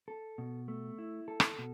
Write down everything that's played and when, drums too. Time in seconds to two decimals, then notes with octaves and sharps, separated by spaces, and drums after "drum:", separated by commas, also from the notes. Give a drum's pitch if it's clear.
0.08 A4
0.38 B2
0.68 A3
0.98 E4
1.28 A4
1.40 drum: rim click
1.58 B2